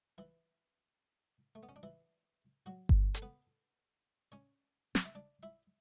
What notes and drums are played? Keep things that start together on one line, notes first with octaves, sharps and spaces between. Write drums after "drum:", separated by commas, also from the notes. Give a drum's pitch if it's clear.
E3 E4
A3
B3
C#4
D4
E3 E4
F#3 F#4
drum: kick G1
A4, drum: hi-hat
B3 B4
C#4 C#5
drum: snare
E5
D4 D5
E4 E5